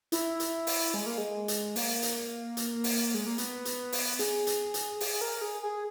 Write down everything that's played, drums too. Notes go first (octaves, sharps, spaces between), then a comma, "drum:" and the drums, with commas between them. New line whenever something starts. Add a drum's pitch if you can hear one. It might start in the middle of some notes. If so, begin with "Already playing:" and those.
E4, drum: hi-hat
drum: hi-hat
drum: open hi-hat
G#3
A#3
G#3
drum: hi-hat
A#3, drum: open hi-hat
drum: hi-hat
drum: hi-hat
drum: open hi-hat
G#3
A#3
B3, drum: hi-hat
drum: hi-hat
drum: open hi-hat
G#4, drum: hi-hat
drum: hi-hat
drum: hi-hat
G#4, drum: open hi-hat
A#4
G#4
G#4